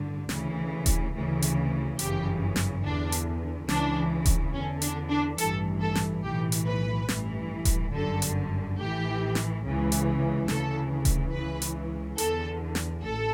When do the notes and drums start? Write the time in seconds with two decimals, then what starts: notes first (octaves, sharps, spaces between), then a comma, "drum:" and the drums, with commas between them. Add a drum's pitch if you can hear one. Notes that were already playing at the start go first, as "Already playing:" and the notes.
Already playing: A1 G2 D3
0.29 D2 C#3 E3, drum: snare
0.86 drum: kick D#1, hi-hat
1.14 D2 C#3 E3
1.42 drum: hi-hat
1.99 G1 F#2 C#3 E3 G4, drum: hi-hat
2.56 drum: snare
2.84 E2 D3 D4
3.12 drum: hi-hat
3.69 C#2 C#3 E3 D4, drum: snare
4.26 drum: kick D#1, hi-hat
4.54 E2 D3 C#4
4.82 D4, drum: hi-hat
5.10 D4
5.38 A1 G2 E3 A4, drum: hi-hat
5.81 A4
5.95 drum: snare
6.24 B1 A2 E3 G4
6.52 drum: hi-hat
6.66 B4
7.09 A1 G2 E3, drum: snare
7.65 drum: kick D#1, hi-hat
7.94 G1 F#2 D3 A4
8.22 drum: hi-hat
8.78 A1 A2 E3 G4
9.35 drum: snare
9.64 C#2 C#3 E3
9.92 drum: hi-hat
10.48 D2 C#3 E3 A4, drum: snare
11.05 drum: kick D#1, hi-hat
11.33 C#2 C#3 E3 B4
11.62 drum: hi-hat
12.18 E2 D3 A4, drum: hi-hat
12.75 drum: snare
13.03 A1 A4